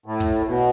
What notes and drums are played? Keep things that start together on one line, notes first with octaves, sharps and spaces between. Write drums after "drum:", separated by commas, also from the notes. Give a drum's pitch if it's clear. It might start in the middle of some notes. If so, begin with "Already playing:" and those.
A2
drum: kick
B2